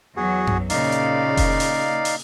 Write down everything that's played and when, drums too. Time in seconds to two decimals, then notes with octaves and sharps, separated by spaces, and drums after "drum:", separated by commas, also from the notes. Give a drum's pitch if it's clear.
0.17 E2 F#3 F#4 G#4
0.47 drum: tom F#2
0.70 A#2 C#3 D#4 D5 F5, drum: open hi-hat
0.92 drum: hi-hat
1.37 drum: kick F1, open hi-hat
1.60 drum: open hi-hat
2.05 drum: open hi-hat